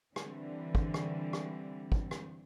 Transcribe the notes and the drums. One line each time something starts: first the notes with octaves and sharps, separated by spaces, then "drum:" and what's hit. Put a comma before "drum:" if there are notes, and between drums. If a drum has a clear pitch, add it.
D3 E3 G3 C4, drum: rim click
drum: kick
drum: rim click
drum: rim click
drum: kick
drum: rim click